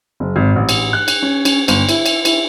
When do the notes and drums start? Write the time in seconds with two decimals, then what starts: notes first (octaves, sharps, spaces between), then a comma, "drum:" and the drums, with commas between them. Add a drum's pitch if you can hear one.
0.20 F#1
0.36 G#1
0.56 A1
0.69 drum: cymbal
0.93 F#6
1.08 drum: cymbal
1.23 C#4
1.45 C#4, drum: cymbal
1.68 G1, drum: cymbal
1.89 E4, drum: cymbal
2.06 drum: cymbal
2.25 E4, drum: cymbal